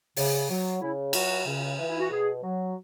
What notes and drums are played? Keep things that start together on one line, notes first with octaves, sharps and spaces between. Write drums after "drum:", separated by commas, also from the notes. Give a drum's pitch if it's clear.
C#3, drum: open hi-hat
F#3
C#3 E4
F#3 F#4, drum: cymbal
C#3
E3
E4
F#4
B2 G#4
F#3